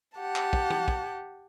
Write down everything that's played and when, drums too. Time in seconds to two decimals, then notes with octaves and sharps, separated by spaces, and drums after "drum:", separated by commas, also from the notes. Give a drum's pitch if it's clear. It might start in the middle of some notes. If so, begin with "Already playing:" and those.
0.18 G4 F#5 A5
0.36 drum: clap
0.53 drum: kick
0.70 drum: tom
0.88 drum: kick